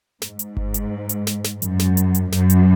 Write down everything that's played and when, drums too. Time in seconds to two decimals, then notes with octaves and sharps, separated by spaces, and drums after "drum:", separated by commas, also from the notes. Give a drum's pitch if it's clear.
0.22 G#2, drum: snare
0.39 drum: hi-hat
0.57 drum: kick G1
0.74 drum: hi-hat
1.09 drum: hi-hat
1.27 drum: snare
1.44 drum: snare
1.62 F#2, drum: hi-hat
1.79 drum: snare
1.97 drum: hi-hat
2.15 drum: hi-hat
2.32 F#2, drum: snare
2.50 drum: hi-hat